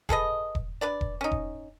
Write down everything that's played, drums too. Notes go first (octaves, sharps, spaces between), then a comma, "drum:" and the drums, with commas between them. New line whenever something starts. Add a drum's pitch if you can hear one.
G#4 A4 B4 D#5, drum: kick E1
drum: kick E1
D4 B4 D5
drum: kick E1
C#4 D#4
drum: kick E1